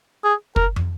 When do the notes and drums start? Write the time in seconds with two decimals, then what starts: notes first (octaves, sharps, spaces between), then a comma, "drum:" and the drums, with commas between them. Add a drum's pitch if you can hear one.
0.24 G#4
0.56 A#4, drum: kick
0.76 drum: tom